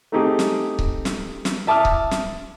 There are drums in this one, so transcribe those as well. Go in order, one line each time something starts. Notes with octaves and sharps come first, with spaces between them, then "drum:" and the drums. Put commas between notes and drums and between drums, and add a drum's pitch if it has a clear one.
A3 C4 D#4 G4 G#4
drum: snare
drum: kick C#1
drum: snare
drum: snare
E5 A5 D6 D#6 F6
drum: kick C#1
drum: snare